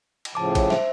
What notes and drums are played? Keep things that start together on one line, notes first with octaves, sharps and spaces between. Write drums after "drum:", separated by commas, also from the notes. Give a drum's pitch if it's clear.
drum: cymbal
A2 C#3 F3 A5 D6
drum: kick A1, cymbal
C5 E5, drum: snare